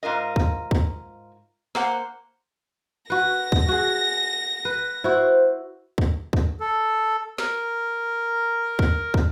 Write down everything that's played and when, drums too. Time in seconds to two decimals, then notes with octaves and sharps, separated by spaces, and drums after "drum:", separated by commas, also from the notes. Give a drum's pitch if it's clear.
0.03 G#2 F4 A#4 D#5
0.36 drum: kick
0.71 drum: kick
1.75 A#3 C5 F#5, drum: snare
3.10 F#4 B4 A#6
3.52 drum: kick
3.68 F#4 G#4
4.65 B4
5.04 E4 F#4 C5
5.98 drum: kick
6.33 drum: kick
6.60 A4
7.38 A#4, drum: snare
8.79 drum: kick
9.14 drum: kick